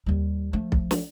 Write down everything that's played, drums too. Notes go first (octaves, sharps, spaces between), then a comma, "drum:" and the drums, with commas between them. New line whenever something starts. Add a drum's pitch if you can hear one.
D#2 G3
F3 A3
drum: kick B1
drum: snare